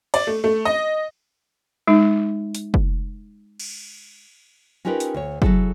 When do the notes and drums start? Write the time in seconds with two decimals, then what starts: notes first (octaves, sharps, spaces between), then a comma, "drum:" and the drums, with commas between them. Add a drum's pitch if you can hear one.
0.14 D5, drum: cymbal
0.27 A3
0.44 A3
0.65 D#5
1.87 G#3 D#4
2.55 drum: hi-hat
2.74 drum: kick
3.60 drum: cymbal
4.85 C#4 D#4 F4 G4 A#4 B4
5.00 drum: hi-hat
5.14 D2 C#5
5.42 F#3 E4 G#4 A4, drum: kick